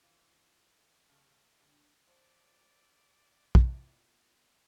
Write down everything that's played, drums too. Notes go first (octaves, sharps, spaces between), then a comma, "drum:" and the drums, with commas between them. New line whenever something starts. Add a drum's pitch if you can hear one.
D#3 E3 F4 C5
C#3 G3 A3
D3 G#3 G4
F3 D5
B3 E4 F4, drum: kick